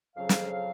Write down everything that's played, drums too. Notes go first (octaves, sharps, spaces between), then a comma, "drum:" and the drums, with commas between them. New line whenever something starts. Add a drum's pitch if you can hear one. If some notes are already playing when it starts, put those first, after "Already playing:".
F2 C#3 F#3 F5
drum: snare